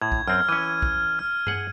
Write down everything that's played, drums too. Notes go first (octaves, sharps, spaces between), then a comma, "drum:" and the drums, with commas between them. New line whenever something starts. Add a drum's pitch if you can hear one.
A2 G#6
drum: kick
F#2 C4 F6
E3 C#4 D#7
drum: kick
F6
G#4 F#5, drum: tom G2